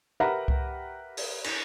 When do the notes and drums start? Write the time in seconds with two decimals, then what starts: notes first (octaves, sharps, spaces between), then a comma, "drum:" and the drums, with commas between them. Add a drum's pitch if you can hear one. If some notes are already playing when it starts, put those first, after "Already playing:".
0.20 G4 A#4 B4 E5 F#5 A#5
0.48 drum: kick C2
1.17 drum: open hi-hat
1.44 drum: cymbal